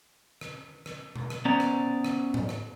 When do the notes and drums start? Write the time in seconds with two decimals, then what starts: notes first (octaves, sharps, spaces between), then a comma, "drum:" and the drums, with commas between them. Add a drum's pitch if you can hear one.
0.41 drum: rim click
0.86 drum: rim click
1.16 drum: tom B2
1.30 drum: rim click
1.45 B3 C#4 C5 D5 A#5
1.60 drum: rim click
2.04 drum: rim click
2.34 drum: tom G#2
2.49 drum: rim click